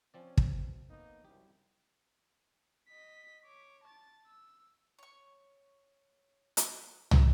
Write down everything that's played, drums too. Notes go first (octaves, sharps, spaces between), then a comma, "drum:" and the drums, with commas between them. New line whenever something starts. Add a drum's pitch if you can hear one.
F3 C4 C#4 D5
drum: kick
B2
A#3 B3 D#4
C2 F#2 G4
D#5 B6
C#5 D6
A5 A6
E6
C#5 C#6
drum: hi-hat
B3 E5 A#5, drum: tom